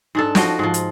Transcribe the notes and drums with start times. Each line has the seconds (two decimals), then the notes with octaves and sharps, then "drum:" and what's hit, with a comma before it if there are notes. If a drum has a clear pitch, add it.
0.15 G#2 D4 A4
0.35 F3 F#4 D#5 G5, drum: snare
0.59 G#2 F3
0.74 drum: hi-hat